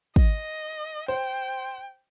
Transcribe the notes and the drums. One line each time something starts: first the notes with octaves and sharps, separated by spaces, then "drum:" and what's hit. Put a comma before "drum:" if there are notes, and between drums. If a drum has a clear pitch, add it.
D#5, drum: kick
C5 G5